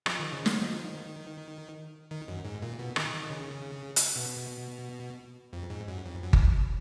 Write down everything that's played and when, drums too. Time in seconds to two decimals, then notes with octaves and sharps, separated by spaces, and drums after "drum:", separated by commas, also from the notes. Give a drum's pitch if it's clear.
0.06 F3, drum: rim click
0.19 D#3
0.32 C#3
0.46 D#3, drum: snare
0.62 F3
0.74 D#3
2.11 D#3
2.28 F#2
2.45 G#2
2.62 A#2
2.79 B2
2.96 D#3, drum: rim click
3.13 D#3
3.30 C#3
3.96 drum: hi-hat
4.16 B2
5.53 F2
5.70 G#2
5.88 F#2
6.05 F2
6.22 F#2
6.33 drum: kick G1